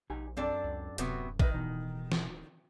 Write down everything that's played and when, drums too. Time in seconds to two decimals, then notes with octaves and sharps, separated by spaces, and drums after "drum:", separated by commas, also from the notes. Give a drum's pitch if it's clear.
0.10 A#1 D#4 G4 G#5
0.37 F#2 C4 D4 A4 D5
0.64 C#2
0.98 D1 C3 F#3 B3, drum: hi-hat
1.40 D#3 B4 D#5 E5, drum: kick A1
1.54 B2 E3 D#4
2.12 drum: snare